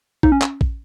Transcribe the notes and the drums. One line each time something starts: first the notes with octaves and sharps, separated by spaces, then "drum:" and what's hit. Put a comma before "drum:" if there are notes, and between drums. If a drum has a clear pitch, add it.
D#4, drum: kick A1
C#4
drum: clap
drum: kick A1